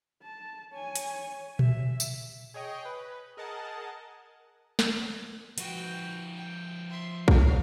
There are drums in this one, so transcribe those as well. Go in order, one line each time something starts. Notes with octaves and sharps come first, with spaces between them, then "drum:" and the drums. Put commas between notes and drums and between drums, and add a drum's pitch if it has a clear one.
A5
C#5 G#5
drum: hi-hat
E5, drum: tom A#2
drum: tambourine
G#4 C#5 D#5 G5
B4
G#4 A#4 D#5 F#5 A5
drum: snare
F3 F#4 B4 G5, drum: hi-hat
G5
E5 C6
F5, drum: kick